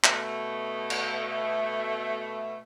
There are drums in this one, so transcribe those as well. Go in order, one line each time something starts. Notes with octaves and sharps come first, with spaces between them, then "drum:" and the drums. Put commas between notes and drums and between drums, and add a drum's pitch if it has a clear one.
B2 A3, drum: clap
drum: cymbal